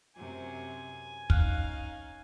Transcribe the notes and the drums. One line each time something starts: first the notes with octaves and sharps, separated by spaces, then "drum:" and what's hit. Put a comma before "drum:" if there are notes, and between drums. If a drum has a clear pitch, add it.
F#2 C3 G#5
C#4 D#4 F5 F6 F#6, drum: kick